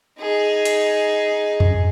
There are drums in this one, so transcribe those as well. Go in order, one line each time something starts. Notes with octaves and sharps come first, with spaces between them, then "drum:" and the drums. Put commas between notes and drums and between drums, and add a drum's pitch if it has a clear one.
D#4 G#4
drum: hi-hat
drum: tom F2